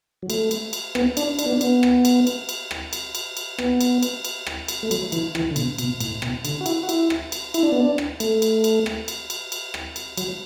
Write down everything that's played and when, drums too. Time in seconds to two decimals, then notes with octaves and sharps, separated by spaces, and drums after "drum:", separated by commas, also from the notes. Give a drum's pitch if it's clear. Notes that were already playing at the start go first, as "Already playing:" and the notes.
0.23 F#3
0.30 A3, drum: cymbal
0.51 drum: cymbal
0.73 drum: cymbal
0.95 B3, drum: rim click
1.17 D4, drum: cymbal
1.39 D4, drum: cymbal
1.46 B3
1.52 D4
1.61 B3, drum: cymbal
1.83 drum: rim click
2.05 drum: cymbal
2.27 drum: cymbal
2.49 drum: cymbal
2.71 drum: rim click
2.93 drum: cymbal
3.15 drum: cymbal
3.37 drum: cymbal
3.58 B3, drum: rim click
3.81 drum: cymbal
4.03 drum: cymbal
4.25 drum: cymbal
4.46 drum: rim click
4.68 drum: cymbal
4.83 A3
4.91 F#3, drum: cymbal
5.12 E3, drum: cymbal
5.35 E3, drum: rim click
5.51 D3
5.56 B2, drum: cymbal
5.78 B2, drum: cymbal
6.00 A2, drum: cymbal
6.22 B2, drum: rim click
6.45 D3, drum: cymbal
6.61 F#4
6.66 E4, drum: cymbal
6.83 F#4
6.89 E4, drum: cymbal
7.10 drum: rim click
7.32 drum: cymbal
7.54 E4, drum: cymbal
7.63 D4
7.72 B3
7.80 D4
7.98 drum: rim click
8.20 A3, drum: cymbal
8.42 drum: cymbal
8.64 drum: cymbal
8.86 drum: rim click
9.08 drum: cymbal
9.30 drum: cymbal
9.52 drum: cymbal
9.74 drum: rim click
9.96 drum: cymbal
10.17 F#3, drum: cymbal